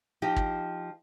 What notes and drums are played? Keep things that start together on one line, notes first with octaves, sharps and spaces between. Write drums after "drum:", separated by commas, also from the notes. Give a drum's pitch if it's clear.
F3 D#4 G4
drum: kick